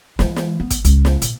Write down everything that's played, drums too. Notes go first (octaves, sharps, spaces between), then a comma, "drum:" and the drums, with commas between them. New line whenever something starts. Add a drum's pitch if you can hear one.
E3 G#3, drum: snare
drum: snare
B3
drum: kick, hi-hat
C#2, drum: hi-hat
drum: snare
A#2, drum: hi-hat